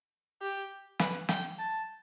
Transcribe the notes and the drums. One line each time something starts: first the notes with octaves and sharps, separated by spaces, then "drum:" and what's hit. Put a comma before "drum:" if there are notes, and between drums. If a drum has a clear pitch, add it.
G4
B4, drum: snare
G5, drum: snare
A5